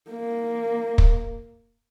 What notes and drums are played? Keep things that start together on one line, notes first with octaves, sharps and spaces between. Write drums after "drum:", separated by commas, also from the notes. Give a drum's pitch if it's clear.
A#3
drum: kick